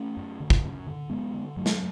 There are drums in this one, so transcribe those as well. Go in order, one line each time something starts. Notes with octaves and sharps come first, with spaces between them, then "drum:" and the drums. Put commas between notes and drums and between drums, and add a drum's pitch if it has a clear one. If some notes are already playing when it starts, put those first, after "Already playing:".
Already playing: A3 C#4
F#2
D3
drum: kick
F#2
D3
F#2 G#3 B3
D3
F#2 F#3 A3
drum: snare